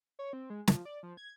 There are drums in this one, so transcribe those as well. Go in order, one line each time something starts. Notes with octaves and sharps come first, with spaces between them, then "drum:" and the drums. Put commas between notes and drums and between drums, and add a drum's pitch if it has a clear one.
C#5
C4
G#3
F3, drum: snare
D5
F3
G#6